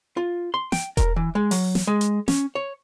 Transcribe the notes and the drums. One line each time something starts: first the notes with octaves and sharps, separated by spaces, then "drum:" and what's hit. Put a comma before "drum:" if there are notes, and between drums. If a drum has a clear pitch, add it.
F4
C6
G5, drum: snare
A#4, drum: kick E1, hi-hat
E3
G#3
F#3, drum: open hi-hat
drum: snare
G#3
drum: hi-hat
C#4, drum: snare
C#5